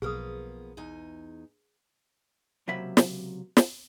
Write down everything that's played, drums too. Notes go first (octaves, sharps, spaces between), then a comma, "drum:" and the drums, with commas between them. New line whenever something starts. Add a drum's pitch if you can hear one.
B1 F3 A#3 B3 G#4 B4 D#6
E2 D#4 G#5
C#2 C3 F#3 A#3 E5 B5
drum: snare
drum: snare